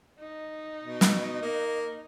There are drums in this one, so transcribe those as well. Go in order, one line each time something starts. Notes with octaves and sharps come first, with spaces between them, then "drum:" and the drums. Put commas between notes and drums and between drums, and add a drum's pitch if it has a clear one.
D#4
B2
drum: snare
A#3